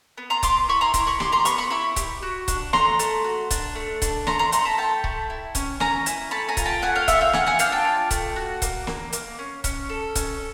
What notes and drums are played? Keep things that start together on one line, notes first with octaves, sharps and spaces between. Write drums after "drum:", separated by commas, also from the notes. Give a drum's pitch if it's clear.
B3
A#5 C6
B3 C6 D6, drum: kick C#1, hi-hat
E4 B5 C#6
A#5 C6
E4 A#5 C6, drum: kick C#1, hi-hat
B5 C#6
G4 C6 D6, drum: snare
A#5 C6
B3 B5 C#6, drum: hi-hat
B5 C#6
E4 B5 C#6
G4, drum: kick C#1, hi-hat
F#4
D4, drum: kick C#1, hi-hat
A3 A#5 C6, drum: snare
A3, drum: hi-hat
F#4
D4, drum: kick C#1, hi-hat
A3
D4, drum: kick C#1, hi-hat
A3 A#5 C6, drum: snare
A#5 C6
A3 A#5 C6, drum: hi-hat
A5 B5
A3 G5 A5
A3, drum: kick C#1
E4
C#4, drum: kick C#1, hi-hat
C#4 G#5 A#5, drum: snare
E4, drum: hi-hat
A3 A5 B5
G#5 A#5
F4, drum: kick C#1, hi-hat
G5 A5
A3 F#5 G#5
F5 G5
F4 E5 F#5, drum: kick C#1, hi-hat
F5 G5
F4 F#5 G#5, drum: snare
F#5 G#5
D4 F5 G5, drum: hi-hat
G5 A5
F4
A3, drum: kick C#1, hi-hat
F#4
A#3, drum: kick C#1, hi-hat
A#3, drum: snare
A#3, drum: hi-hat
C#4
C#4, drum: kick C#1, hi-hat
A4
C#4, drum: kick C#1, hi-hat